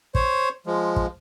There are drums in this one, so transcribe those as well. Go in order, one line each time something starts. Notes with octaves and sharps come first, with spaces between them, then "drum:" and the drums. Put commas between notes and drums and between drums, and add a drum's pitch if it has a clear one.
C5 C#5, drum: kick
F3 G#3
drum: kick